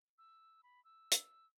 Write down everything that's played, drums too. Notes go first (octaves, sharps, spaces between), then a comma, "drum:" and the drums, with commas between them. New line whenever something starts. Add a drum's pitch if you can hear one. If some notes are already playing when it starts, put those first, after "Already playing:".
E6
B5
E6
drum: hi-hat